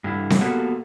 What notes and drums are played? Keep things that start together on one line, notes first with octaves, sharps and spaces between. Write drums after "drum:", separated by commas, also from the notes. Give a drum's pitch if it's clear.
G2 D3 E4
drum: snare C4
A#3 B3 F#4 G4 A4